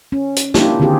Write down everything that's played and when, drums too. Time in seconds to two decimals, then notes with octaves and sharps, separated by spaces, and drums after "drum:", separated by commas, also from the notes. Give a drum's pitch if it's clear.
0.12 C#4
0.36 drum: hi-hat
0.54 A#3 D4 E4 F4 G4, drum: snare
0.80 D3 D#3 C4 F4 G4 G#4